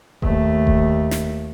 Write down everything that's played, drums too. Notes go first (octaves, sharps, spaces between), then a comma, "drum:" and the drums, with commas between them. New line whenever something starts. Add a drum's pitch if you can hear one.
D#2 A3, drum: kick E1
drum: kick E1
drum: snare